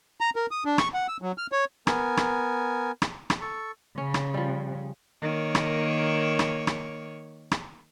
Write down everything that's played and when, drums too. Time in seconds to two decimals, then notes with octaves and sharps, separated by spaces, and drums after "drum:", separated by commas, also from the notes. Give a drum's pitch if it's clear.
0.21 A#5
0.36 A#4
0.51 D#6
0.65 D4
0.78 C#6, drum: rim click
0.94 F#5
1.08 E6
1.22 F#3
1.38 F6
1.52 C#5
1.87 B3 A#4 G#5, drum: rim click
2.17 drum: rim click
3.02 drum: rim click
3.30 drum: rim click
3.41 A4 C#6
3.98 C#3 C#4
4.14 drum: rim click
4.34 F3 G3
5.21 D#3 A#3 C#5
5.55 drum: rim click
6.39 drum: rim click
6.67 drum: rim click
7.51 drum: rim click